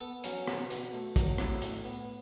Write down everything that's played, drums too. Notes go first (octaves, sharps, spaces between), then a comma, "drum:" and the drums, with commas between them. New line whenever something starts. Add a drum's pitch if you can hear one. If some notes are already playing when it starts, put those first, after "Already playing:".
B3 A4
F#3 C#4, drum: hi-hat
B2, drum: rim click
B2, drum: hi-hat
A3
F#3, drum: kick, hi-hat
A2 E4, drum: rim click
A2, drum: hi-hat
B3